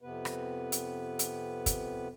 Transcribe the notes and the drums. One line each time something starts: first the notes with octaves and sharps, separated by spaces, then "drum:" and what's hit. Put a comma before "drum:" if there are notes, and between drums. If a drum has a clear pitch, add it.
F2 C3 B3 B4
drum: rim click
drum: hi-hat
drum: hi-hat
drum: kick, hi-hat